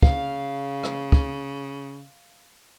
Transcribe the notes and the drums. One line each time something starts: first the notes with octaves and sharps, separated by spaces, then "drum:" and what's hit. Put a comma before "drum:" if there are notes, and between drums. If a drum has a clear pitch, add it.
C#3 F5, drum: kick
drum: rim click
drum: kick